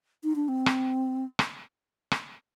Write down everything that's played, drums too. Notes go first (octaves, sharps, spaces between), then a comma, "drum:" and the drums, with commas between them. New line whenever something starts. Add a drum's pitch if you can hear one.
D#4
D4
C4
drum: rim click
drum: rim click
drum: rim click